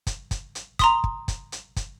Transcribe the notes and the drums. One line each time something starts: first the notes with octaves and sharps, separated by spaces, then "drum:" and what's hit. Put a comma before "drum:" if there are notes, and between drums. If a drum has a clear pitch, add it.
drum: kick, hi-hat
drum: kick, hi-hat
drum: hi-hat
A#5 C6 D#6, drum: kick, hi-hat
drum: kick
drum: kick, hi-hat
drum: hi-hat
drum: kick, hi-hat